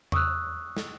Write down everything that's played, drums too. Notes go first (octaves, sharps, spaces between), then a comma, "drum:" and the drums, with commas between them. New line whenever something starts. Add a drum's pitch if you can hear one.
C#6 D#6 E6 F#6, drum: tom E2
drum: snare